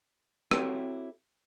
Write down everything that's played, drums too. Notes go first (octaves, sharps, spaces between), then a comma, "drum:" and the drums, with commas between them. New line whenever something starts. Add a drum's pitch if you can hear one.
C4 E4 F#4 G4 A4 C#5, drum: rim click